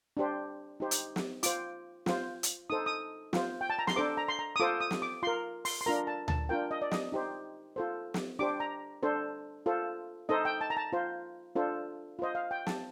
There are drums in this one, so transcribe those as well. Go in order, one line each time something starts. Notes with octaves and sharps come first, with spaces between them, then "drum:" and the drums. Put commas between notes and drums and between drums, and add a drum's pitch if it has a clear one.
D4 G4 C5
D#4 G4 C5
drum: hi-hat
drum: snare
F4 C5 D6, drum: hi-hat
F4 C5, drum: snare
drum: hi-hat
D#4 A4 C5 D#6
D#6
F4 C5, drum: snare
G5
A5
A#5
C6, drum: snare
D4 A4 C5 D6
A#5
C6
A#5
D#6
F4 A4 C5 D6
D#6
drum: snare
D6
F4 A#4 C6
C6, drum: open hi-hat
C6
D4 F4 A#4 A#5
A5
A5, drum: tom D2
D4 F4 A#4 G5
D#5
D5
D#5, drum: snare
D#4 G4 C5
F4 A4 C5
drum: snare
D4 G4 C5 D6
A#5
D4 A4 C5
F4 A4 C5
D#4 A4 C5 D#5
G5
A5
A#5
A5
F4 C5
D4 F4 A4 C5
F4 C5 D#5
F5
G5
A5, drum: snare